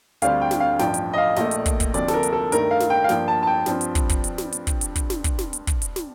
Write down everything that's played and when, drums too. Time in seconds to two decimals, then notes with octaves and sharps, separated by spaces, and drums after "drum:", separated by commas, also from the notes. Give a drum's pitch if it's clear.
0.22 D2 D3 G3 C4 F5, drum: hi-hat
0.41 G5
0.51 drum: snare
0.60 F5
0.79 A1 G2 F3 G5, drum: snare
0.94 drum: hi-hat
1.13 D#5
1.18 F5
1.36 A#1 A#2 A3 D#5, drum: snare
1.51 drum: hi-hat
1.66 drum: kick, hi-hat
1.80 drum: kick, hi-hat
1.94 D2 C3 F3 D5, drum: hi-hat
2.08 A4, drum: snare
2.14 A#4
2.23 drum: hi-hat
2.33 A4
2.52 G2 D#3 A3 A#4, drum: hi-hat
2.71 F5
2.80 drum: snare
2.90 G5
3.04 F5
3.09 G2 F3 A#3 G5, drum: snare
3.28 A5
3.43 A5
3.47 G5
3.66 G2 F3 C4, drum: snare
3.81 drum: hi-hat
3.95 drum: kick, hi-hat
4.09 drum: kick, hi-hat
4.24 drum: hi-hat
4.38 drum: snare
4.52 drum: hi-hat
4.67 drum: kick, hi-hat
4.81 drum: hi-hat
4.96 drum: kick, hi-hat
5.10 drum: snare
5.24 drum: kick, hi-hat
5.39 drum: snare
5.53 drum: hi-hat
5.67 drum: kick, hi-hat
5.82 drum: hi-hat
5.96 drum: snare